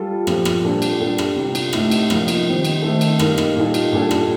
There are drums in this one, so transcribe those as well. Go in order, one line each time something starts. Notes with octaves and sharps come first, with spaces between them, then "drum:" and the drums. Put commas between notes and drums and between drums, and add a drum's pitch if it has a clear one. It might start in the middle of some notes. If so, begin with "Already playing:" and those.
Already playing: G3 F4 A4
A#2 F3 C4 G4, drum: rim click
drum: rim click
A#2 G3 D4 A4
drum: cymbal
G3 D4 A4
drum: rim click
C3 G3 D4 F4
drum: cymbal
A2 A3 D#4 G4, drum: rim click
drum: cymbal
C3 F3 A#3 D#4, drum: rim click
drum: cymbal
D#3 G3 C4
drum: cymbal
D#3 A3 D#4 A4
drum: cymbal
G3 A#3 D#4 A#4, drum: rim click
drum: rim click
A#2 G3 A#3 D#4 A4
drum: cymbal
A#2 G3 D4 A4
drum: rim click